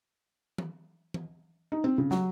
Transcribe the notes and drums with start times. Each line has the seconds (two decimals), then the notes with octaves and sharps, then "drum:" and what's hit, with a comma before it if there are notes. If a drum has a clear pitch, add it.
0.58 drum: tom E3
1.14 drum: tom E3
1.72 D#4
1.84 C4
1.98 C#3
2.11 F#3, drum: snare